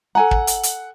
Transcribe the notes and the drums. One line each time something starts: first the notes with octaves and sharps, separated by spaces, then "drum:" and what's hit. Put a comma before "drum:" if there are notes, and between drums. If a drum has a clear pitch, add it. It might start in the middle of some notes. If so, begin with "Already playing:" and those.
A4 F#5 G#5 A#5
drum: kick
drum: hi-hat
drum: hi-hat